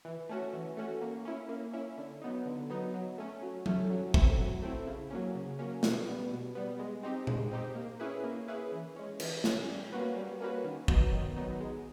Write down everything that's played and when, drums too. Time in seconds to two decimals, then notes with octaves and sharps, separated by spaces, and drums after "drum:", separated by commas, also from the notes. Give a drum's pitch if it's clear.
0.05 E3
0.29 A3 C#4 F#4
0.53 E3
0.77 A3 C#4 F#4
1.01 A#3
1.25 C#4 E4
1.49 A#3
1.73 C#4 E4
1.98 D3
2.22 F#3 B3 D#4
2.46 D3
2.70 F#3 B3 D#4
2.94 F#3
3.18 A3 C#4
3.42 F#3
3.66 A3 C#4, drum: tom F#3
3.90 F#3
4.14 A3 C4 E4, drum: kick
4.39 F#3
4.62 A3 C4 E4
4.86 C#3
5.10 F#3 A#3 C#4
5.35 C#3
5.59 F#3 A#3 C#4
5.83 B2, drum: snare
6.07 G3 B3
6.31 B2
6.55 G3 B3
6.79 G#3
7.03 C4 D#4 G4
7.27 G#3, drum: tom A#2
7.51 C4 D#4 G4
7.75 A#3
8.00 C#4 E4 G#4 B4
8.24 A#3
8.48 C#4 E4 G#4 B4
8.72 E3
8.96 G#3 C#4
9.20 E3, drum: cymbal
9.44 G#3 C#4, drum: snare
9.69 G3
9.92 A#3 C#4 F#4 B4
10.16 G3
10.40 A#3 C#4 F#4 B4
10.64 D#3
10.88 F#3 B3 D#4, drum: kick
11.12 D#3
11.36 F#3 B3 D#4
11.60 G#3